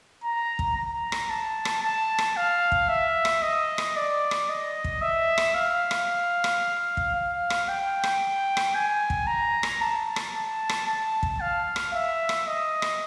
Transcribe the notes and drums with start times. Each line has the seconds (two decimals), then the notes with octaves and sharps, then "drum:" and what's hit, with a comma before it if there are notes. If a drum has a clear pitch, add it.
0.24 A#5
0.59 drum: kick
0.77 A#5
1.12 drum: rim click
1.30 A5
1.65 drum: rim click
1.83 A5
2.18 drum: rim click
2.37 F5
2.72 drum: kick
2.89 E5
3.25 drum: rim click
3.42 D#5
3.78 drum: rim click
3.96 D5
4.31 drum: rim click
4.50 D#5
4.84 drum: kick
5.02 E5
5.38 drum: rim click
5.55 F5
5.91 drum: rim click
6.44 drum: rim click
6.97 drum: kick
7.15 F5
7.50 drum: rim click
7.69 G5
8.04 drum: rim click
8.57 drum: rim click
8.75 G#5
9.10 drum: kick
9.27 A#5
9.63 drum: rim click
9.81 A5
10.16 drum: rim click
10.35 A5
10.69 drum: rim click
10.87 A5
11.23 drum: kick
11.41 F5
11.76 drum: rim click
11.93 E5
12.29 drum: rim click
12.47 D#5
12.82 drum: rim click